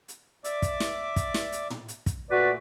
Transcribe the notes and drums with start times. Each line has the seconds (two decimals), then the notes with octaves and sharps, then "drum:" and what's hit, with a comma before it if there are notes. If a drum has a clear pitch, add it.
0.08 drum: hi-hat
0.44 D5 E5 D6, drum: hi-hat
0.62 drum: kick, hi-hat
0.80 drum: snare
1.16 drum: kick, hi-hat
1.34 drum: snare
1.52 drum: hi-hat
1.70 drum: tom
1.88 drum: hi-hat
2.06 drum: kick, hi-hat
2.30 A#2 A3 F#4 B4 D5